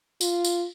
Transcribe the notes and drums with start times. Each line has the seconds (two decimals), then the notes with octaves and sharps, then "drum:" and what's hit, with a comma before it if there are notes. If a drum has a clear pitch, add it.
0.21 F4, drum: tambourine
0.44 drum: tambourine